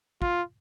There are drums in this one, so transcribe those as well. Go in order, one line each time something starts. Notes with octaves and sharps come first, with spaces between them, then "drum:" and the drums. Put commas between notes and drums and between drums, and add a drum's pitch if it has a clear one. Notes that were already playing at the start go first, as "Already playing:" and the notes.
F4, drum: kick